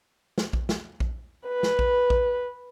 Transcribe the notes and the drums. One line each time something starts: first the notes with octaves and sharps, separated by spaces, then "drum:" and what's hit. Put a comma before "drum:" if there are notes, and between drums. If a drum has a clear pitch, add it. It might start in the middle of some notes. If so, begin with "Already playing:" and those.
drum: snare
drum: kick A#1
drum: snare
drum: kick A#1
B4
drum: snare
drum: kick A#1
drum: kick A#1